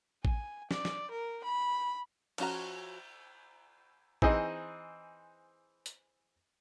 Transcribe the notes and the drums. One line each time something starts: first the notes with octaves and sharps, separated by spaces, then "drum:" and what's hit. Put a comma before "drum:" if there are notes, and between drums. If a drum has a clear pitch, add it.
G#5, drum: kick A1
D5, drum: snare
drum: snare
A#4
B5
F3 C#4 F#4 A#5, drum: cymbal
E3 C4 D#4 G#4 C5 D#5, drum: kick A1
drum: hi-hat